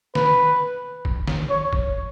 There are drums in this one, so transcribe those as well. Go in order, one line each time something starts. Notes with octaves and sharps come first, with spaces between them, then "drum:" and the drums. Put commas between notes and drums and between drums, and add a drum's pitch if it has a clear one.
B4, drum: snare
drum: kick
drum: snare
C#5
drum: kick